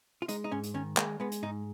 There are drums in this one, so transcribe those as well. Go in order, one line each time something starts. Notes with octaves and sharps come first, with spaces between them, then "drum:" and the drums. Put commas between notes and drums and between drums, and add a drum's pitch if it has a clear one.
F4
G#3 D#4, drum: hi-hat
D#4
G#2 C#4
drum: hi-hat
D#3 C#4
G#3 A#3, drum: clap
G#3 B3
drum: hi-hat
G#2 D#4